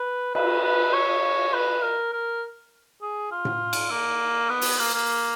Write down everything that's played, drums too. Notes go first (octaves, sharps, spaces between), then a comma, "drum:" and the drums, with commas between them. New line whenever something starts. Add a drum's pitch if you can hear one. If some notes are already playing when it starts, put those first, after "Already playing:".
Already playing: B4
B4, drum: cymbal
B4
C#5
B4
A#4
A#4
G#4
F4
drum: tom A2
drum: cymbal
A#3
B3
drum: open hi-hat
A#3
A#3